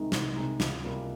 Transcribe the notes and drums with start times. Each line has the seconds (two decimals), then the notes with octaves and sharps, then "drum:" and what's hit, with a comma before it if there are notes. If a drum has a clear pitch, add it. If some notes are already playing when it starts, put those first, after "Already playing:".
Already playing: C2 C3 D#3 G#3 D#4
0.12 C2, drum: snare
0.35 C3 D#3 G#3 D#4
0.60 C#2, drum: snare
0.85 C3 G3 A#3 F4